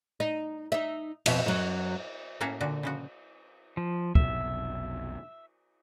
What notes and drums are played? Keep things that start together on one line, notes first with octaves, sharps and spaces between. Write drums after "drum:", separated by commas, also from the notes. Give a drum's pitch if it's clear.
D#4
D#4 E5
F2 B2 E5, drum: cymbal
F#2 F#3
A2 A#3 C#4 F#4 E5 F5
A#2 D3 F#4
C#3 F3 F#4
F3
F1 B1 B2 E5, drum: kick